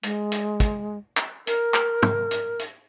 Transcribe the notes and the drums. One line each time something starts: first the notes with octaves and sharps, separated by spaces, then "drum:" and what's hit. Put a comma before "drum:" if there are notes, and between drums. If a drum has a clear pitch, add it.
G#3, drum: hi-hat
drum: hi-hat
drum: kick, hi-hat
drum: clap
A#4, drum: hi-hat
drum: clap
drum: tom
drum: hi-hat
drum: hi-hat